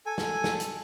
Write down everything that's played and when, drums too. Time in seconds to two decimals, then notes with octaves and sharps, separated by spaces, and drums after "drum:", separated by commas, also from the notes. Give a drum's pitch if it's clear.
0.06 A4 G#5
0.18 drum: snare
0.44 drum: snare
0.60 drum: hi-hat